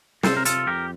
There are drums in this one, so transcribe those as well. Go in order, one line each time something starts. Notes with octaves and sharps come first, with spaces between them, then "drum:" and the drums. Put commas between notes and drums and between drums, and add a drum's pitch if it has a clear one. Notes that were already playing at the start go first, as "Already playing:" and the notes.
C3 A4 C5, drum: snare
A#4
F4 A4, drum: hi-hat
F2 G4 A#4